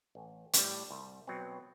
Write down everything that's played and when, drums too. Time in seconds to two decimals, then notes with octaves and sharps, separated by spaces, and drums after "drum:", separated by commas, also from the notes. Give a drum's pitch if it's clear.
0.15 A1
0.53 A2 G3, drum: hi-hat
0.91 C2
1.27 B2 F#3 C4